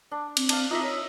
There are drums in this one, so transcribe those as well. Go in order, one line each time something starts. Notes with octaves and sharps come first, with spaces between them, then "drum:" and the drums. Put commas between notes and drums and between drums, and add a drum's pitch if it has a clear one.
D4
C4, drum: cymbal
D4 F5, drum: cymbal
D#4 F4 D#5 E5
A#4 C#5